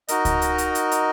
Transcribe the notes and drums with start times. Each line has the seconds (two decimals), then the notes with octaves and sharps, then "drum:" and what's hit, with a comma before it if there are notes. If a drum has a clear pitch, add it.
0.08 D#4 F#4 A#4 D#5, drum: hi-hat
0.25 drum: kick C#2, hi-hat
0.42 drum: hi-hat
0.58 drum: hi-hat
0.75 drum: hi-hat
0.92 drum: hi-hat